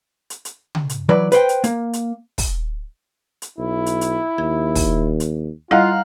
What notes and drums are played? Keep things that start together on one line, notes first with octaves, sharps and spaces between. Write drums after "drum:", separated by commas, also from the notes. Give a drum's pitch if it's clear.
drum: hi-hat
drum: hi-hat
drum: tom C#3
drum: hi-hat
E3 F#3 B4 D5
B4 C5 G5, drum: hi-hat
drum: hi-hat
A#3, drum: hi-hat
drum: hi-hat
drum: kick, open hi-hat
drum: hi-hat
B1 E4
drum: hi-hat
drum: hi-hat
D#2 G#6
drum: kick, open hi-hat
drum: hi-hat
G3 E4 F4 D#5 F5 F#5 A#5